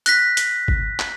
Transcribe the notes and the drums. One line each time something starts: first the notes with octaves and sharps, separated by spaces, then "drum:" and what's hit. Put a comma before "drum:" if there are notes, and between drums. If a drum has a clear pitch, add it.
F#6 A#6 B6, drum: hi-hat
drum: hi-hat
drum: kick
drum: clap